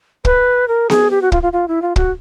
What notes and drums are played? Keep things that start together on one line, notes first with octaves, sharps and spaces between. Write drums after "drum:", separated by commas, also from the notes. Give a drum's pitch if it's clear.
B4, drum: kick
A#4
G#4, drum: snare B3
G4
F#4
F4, drum: kick
F4
F4
E4
F4
F#4, drum: kick